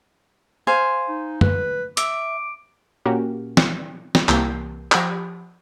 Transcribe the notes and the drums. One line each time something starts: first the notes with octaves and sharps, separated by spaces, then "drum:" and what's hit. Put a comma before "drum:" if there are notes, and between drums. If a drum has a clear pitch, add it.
C5 F5 G#5
D#4
B4, drum: tom
E5 D6, drum: hi-hat
A#2 A#3 C#4 F#4 G4 A#4
drum: snare
drum: snare
C2 E3 A#3 G4 G6 C7, drum: clap
F3 G4 F#5 B5 A#6, drum: clap